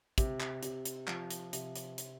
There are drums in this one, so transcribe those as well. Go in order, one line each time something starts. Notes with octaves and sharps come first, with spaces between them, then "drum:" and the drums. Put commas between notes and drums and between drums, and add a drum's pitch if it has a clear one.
C3, drum: kick, hi-hat
drum: clap
C3, drum: hi-hat
drum: hi-hat
F3, drum: clap
drum: hi-hat
C3, drum: hi-hat
drum: hi-hat
drum: hi-hat